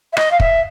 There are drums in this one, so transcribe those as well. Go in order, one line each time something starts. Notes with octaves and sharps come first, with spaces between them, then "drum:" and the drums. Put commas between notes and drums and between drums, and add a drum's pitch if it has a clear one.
E5
D#5, drum: rim click
F5
E5, drum: kick